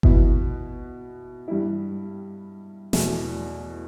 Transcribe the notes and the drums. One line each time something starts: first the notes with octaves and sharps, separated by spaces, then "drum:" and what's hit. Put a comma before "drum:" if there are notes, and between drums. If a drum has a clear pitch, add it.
B2 B3 E4, drum: kick G1
G2 G3 E4
E2 B2 A3 E4, drum: snare